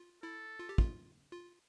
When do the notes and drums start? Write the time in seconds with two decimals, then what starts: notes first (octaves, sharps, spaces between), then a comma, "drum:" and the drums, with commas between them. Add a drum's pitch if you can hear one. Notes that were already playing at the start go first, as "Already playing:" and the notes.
Already playing: F4
0.23 E4 A4
0.59 F4
0.69 G4
0.78 F4, drum: kick
1.32 F4